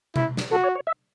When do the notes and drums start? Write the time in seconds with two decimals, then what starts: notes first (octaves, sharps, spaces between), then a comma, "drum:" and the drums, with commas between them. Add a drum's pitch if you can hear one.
0.16 E4, drum: tom B2
0.37 drum: snare
0.51 F#4 A4
0.63 C#5
0.75 C#5
0.87 E5